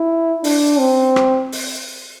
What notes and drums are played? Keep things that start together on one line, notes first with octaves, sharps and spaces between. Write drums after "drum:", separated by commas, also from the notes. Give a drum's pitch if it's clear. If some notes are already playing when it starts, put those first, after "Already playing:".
Already playing: E4
D4, drum: open hi-hat
C4
drum: rim click
drum: open hi-hat